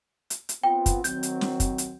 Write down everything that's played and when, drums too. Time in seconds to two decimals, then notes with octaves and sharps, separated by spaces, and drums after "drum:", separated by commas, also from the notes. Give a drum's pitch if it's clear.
0.30 drum: hi-hat
0.49 drum: hi-hat
0.63 B3 C4 F4 G5
0.86 drum: kick, hi-hat
1.04 D#3 F#3 C4 G6, drum: hi-hat
1.23 drum: hi-hat
1.41 drum: snare
1.60 drum: kick, hi-hat
1.78 drum: hi-hat